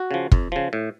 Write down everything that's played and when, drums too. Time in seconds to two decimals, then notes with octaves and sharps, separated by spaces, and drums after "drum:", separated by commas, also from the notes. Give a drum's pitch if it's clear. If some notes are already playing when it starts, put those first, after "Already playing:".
Already playing: F#4
0.11 C#3 F3
0.32 F2, drum: kick
0.52 C#3 F3
0.73 A2